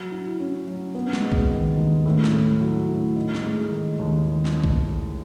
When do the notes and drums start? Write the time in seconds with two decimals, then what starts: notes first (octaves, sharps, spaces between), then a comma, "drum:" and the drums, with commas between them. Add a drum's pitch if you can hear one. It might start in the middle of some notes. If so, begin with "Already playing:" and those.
Already playing: F#3
0.12 E4
0.39 C#4
0.67 F#3
0.95 B3
1.13 drum: snare
1.22 G#3
1.32 drum: kick
1.50 D#3
1.77 D#2
2.06 A2
2.24 drum: snare
2.33 A3
2.61 F#3
2.88 A2
3.16 D#4
3.34 drum: snare
3.44 G#3
3.71 D#3
3.99 D#2
4.45 drum: snare
4.64 drum: kick